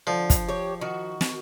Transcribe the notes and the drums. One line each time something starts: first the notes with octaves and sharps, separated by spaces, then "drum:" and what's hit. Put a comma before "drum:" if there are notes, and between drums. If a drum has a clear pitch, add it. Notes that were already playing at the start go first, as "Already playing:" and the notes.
D3 F3
drum: kick, hi-hat
G4 C#5
D#3 F#4
drum: snare